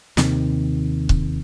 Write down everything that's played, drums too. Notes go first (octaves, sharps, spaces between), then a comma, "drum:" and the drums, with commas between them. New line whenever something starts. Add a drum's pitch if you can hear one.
D#2 C3 D#3, drum: snare
drum: kick C#1